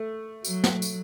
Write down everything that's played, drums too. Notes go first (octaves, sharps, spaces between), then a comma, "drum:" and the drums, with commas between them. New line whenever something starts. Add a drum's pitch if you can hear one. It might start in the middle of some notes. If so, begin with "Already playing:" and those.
Already playing: A3
F#3, drum: tambourine
drum: snare
drum: tambourine